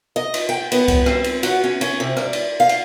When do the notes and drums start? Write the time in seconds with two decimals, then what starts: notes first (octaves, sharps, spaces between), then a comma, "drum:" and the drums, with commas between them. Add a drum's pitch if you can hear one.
0.16 D#5
0.34 drum: cymbal
0.49 G5
0.72 B3, drum: cymbal
0.88 drum: kick C2, cymbal
1.06 C4, drum: rim click
1.24 drum: cymbal
1.43 F#4, drum: cymbal
1.64 C#4
1.81 C#4, drum: cymbal
2.00 C3
2.17 D5, drum: rim click
2.33 drum: cymbal
2.60 F5
2.69 drum: cymbal